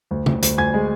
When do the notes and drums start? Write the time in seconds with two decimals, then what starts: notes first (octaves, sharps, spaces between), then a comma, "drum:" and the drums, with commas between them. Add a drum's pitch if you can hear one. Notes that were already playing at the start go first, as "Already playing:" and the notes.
0.11 D2
0.26 D2, drum: tom C#3
0.42 D2, drum: hi-hat
0.58 D2 G#5 G#6
0.74 G#3